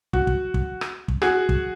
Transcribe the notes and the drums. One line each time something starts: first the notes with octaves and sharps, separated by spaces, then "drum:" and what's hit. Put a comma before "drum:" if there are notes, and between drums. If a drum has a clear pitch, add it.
F#4, drum: kick
drum: kick
drum: kick
drum: rim click
drum: kick
F#4 G#4, drum: rim click
drum: kick